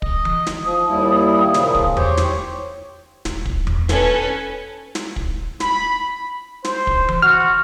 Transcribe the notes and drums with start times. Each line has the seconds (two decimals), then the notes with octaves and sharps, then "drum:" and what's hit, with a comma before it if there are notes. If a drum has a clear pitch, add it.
0.02 D#5, drum: kick
0.25 drum: tom E3
0.47 drum: snare
0.65 F3 D#6
0.89 D#2 G3 E4
1.54 A#2 C#3 F3, drum: snare
1.75 drum: kick
1.97 G4 C5 C#5, drum: tom E2
2.17 drum: snare
3.25 D#1, drum: snare
3.45 drum: kick
3.67 drum: tom E2
3.89 C#4 A4 B4, drum: snare
4.95 drum: snare
5.16 drum: kick
5.60 B5, drum: snare
6.64 C5, drum: snare
6.87 drum: kick
7.09 drum: tom E3
7.22 F#4 F6